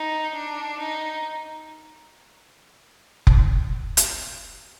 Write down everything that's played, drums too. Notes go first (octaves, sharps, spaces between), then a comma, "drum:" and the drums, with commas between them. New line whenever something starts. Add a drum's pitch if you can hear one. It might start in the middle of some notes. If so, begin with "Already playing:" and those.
Already playing: D#4
D4
D#4
drum: kick F1
drum: hi-hat